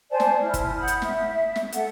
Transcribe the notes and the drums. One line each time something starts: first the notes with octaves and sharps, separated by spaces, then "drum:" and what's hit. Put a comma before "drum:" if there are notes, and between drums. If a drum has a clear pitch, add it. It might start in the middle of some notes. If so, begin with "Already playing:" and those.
C5 D5 G#5 A5
drum: snare
E4 F6
drum: kick, hi-hat
F#5 B5 D#6 G6
drum: hi-hat
E5, drum: snare
drum: snare
A4 F#5, drum: hi-hat